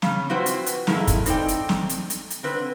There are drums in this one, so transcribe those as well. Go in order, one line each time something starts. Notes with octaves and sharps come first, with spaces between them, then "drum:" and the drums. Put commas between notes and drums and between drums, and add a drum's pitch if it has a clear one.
C#3 C#4, drum: snare
F3 C4 E4 F#4 B4 C5
drum: hi-hat
drum: hi-hat
A2 D#3 A3 A#3 E4 G#4, drum: snare
drum: kick, hi-hat
C4 D#4 A4 C#5 D5 G5, drum: hi-hat
drum: hi-hat
drum: snare
drum: hi-hat
drum: hi-hat
drum: hi-hat
D3 C4 B4